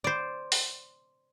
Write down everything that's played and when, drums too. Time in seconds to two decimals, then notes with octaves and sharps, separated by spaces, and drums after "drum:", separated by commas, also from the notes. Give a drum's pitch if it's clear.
0.04 C5 D5
0.52 drum: open hi-hat